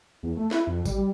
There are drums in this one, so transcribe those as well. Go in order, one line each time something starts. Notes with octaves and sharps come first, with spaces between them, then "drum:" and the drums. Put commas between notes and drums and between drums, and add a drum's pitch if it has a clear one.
E2
A3
E4, drum: snare
F2
G3, drum: kick, tambourine
G3